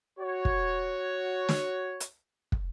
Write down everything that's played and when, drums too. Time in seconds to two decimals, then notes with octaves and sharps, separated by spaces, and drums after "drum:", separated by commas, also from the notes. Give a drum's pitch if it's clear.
0.19 F#4 C#5
0.45 drum: kick
1.49 drum: snare
2.00 drum: hi-hat
2.52 drum: kick